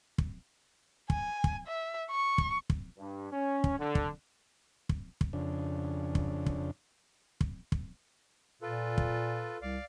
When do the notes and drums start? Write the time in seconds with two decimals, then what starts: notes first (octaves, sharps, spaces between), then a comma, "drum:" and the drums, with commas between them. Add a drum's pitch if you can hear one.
0.18 drum: kick
1.10 G#5, drum: kick
1.44 drum: kick
1.67 E5
2.11 C#6
2.38 drum: kick
2.70 drum: kick
2.98 G2
3.32 C#4
3.64 drum: kick
3.79 D3
3.95 drum: kick
4.89 drum: kick
5.21 drum: kick
5.33 F2 C#3 D4
6.15 drum: kick
6.46 drum: kick
7.41 drum: kick
7.72 drum: kick
8.62 A#2 F4 A4 B4
8.98 drum: kick
9.62 C2 D5 F5